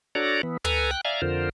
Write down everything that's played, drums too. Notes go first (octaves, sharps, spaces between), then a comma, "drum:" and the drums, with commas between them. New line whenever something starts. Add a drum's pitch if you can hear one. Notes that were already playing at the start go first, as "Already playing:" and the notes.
D4 F#4 A4 C#5 D5 A#5
E3 B3
A4 B4 G#5 A#5, drum: tom
G5 F#6
D5 E5 F5 G#5 A#5
F2 D3 F4 A#4 C5